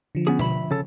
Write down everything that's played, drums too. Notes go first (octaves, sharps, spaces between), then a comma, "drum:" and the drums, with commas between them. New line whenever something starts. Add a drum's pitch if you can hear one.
D3 F3
B3 C#4 G#4
E5 B5, drum: tom B2
C#3 A4